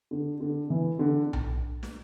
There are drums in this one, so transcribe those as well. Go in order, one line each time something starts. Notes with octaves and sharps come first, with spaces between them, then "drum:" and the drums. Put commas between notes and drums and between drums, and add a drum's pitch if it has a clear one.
D3
D3
E3
D3
drum: tom B1
drum: snare